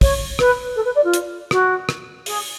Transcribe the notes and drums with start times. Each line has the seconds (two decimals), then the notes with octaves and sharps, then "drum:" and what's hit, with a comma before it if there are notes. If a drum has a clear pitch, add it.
0.01 C#5, drum: kick, open hi-hat
0.39 B4, drum: rim click
0.75 A4
0.85 B4
0.95 D5
1.04 F4
1.14 drum: hi-hat
1.51 F#4, drum: rim click
1.89 drum: rim click
2.26 G#4, drum: open hi-hat